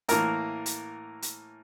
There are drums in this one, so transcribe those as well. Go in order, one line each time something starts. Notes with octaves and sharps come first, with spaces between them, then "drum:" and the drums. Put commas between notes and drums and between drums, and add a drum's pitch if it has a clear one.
A2 E3 A#3 A#4, drum: hi-hat
drum: hi-hat
drum: hi-hat